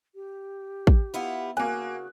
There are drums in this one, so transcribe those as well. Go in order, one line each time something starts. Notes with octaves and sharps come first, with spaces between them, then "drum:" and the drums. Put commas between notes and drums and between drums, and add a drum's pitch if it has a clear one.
G4
drum: kick
B3 E4 F4
C#3 A#3 F#4 G#5 F#6